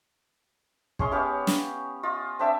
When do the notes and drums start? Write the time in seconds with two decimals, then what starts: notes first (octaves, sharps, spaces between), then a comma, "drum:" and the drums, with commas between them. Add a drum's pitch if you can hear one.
0.99 G#3 C#4 G#4 C6, drum: kick
1.11 B3 C#4 G4 F5
1.47 drum: snare
2.03 F4 D#5
2.39 C4 D4 E5 D6